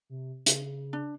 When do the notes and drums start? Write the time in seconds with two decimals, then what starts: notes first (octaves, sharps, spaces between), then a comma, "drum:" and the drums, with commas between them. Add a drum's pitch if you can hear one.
0.10 C3
0.46 C#3, drum: hi-hat
0.93 D4